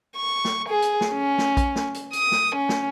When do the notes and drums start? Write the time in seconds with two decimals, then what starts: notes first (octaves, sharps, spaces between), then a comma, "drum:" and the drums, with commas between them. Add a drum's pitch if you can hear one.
0.17 C#6
0.45 drum: snare
0.69 G#4
0.82 drum: hi-hat
1.01 drum: snare
1.12 C#4
1.38 drum: snare
1.57 drum: kick A#1, hi-hat
1.76 drum: snare
1.94 drum: hi-hat
2.13 D#6, drum: hi-hat
2.32 drum: snare
2.56 C#4
2.69 drum: snare